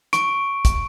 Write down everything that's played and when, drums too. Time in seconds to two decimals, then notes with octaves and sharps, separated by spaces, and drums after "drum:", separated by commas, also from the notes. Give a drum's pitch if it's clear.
0.13 C#6 D7, drum: hi-hat
0.65 drum: kick, hi-hat